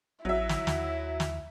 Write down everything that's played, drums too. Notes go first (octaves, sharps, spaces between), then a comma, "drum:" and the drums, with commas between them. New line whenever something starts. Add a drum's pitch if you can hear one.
A1 F#3 E4 E5
drum: snare
D#2, drum: snare
drum: snare